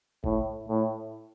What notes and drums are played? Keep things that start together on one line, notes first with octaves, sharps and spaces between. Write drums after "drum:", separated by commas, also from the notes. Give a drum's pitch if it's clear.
A2, drum: kick
A2